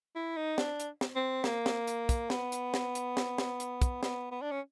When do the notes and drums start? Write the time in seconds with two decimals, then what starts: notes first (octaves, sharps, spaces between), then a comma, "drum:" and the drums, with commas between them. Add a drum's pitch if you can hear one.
0.15 E4
0.37 D#4
0.58 D4, drum: snare
0.80 drum: hi-hat
1.01 drum: snare
1.15 C4
1.44 A#3, drum: snare
1.66 drum: snare
1.87 drum: hi-hat
2.09 drum: kick, hi-hat
2.30 B3, drum: snare
2.52 drum: hi-hat
2.74 drum: snare
2.95 drum: hi-hat
3.17 drum: snare
3.38 drum: snare
3.60 drum: hi-hat
3.82 drum: kick, hi-hat
4.03 B3, drum: snare
4.32 B3
4.42 D4
4.51 C#4